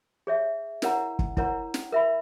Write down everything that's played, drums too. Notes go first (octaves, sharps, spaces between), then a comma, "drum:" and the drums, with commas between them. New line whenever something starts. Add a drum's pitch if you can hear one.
G#4 C#5 E5
E4 A#4 C#5 F#5 A#5, drum: snare
drum: kick
E4 A#4 C#5 F#5 A#5, drum: kick
drum: snare
A#4 E5 B5